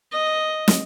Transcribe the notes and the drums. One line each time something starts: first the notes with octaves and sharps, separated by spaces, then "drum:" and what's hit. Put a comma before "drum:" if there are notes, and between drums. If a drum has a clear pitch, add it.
D#5
drum: snare